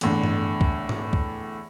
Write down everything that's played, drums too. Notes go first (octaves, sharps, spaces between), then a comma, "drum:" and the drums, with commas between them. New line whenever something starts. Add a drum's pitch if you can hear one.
E2 A2 D3, drum: hi-hat
drum: tom G2
drum: kick
drum: tom G#2
drum: kick